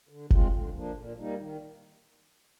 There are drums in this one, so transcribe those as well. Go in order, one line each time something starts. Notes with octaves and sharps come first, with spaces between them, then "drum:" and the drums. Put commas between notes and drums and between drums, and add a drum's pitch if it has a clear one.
D3
G#3 C4 F4, drum: kick F#1
D3
F3 A#3 D4
A#2
G3 A#3 D#4
D#3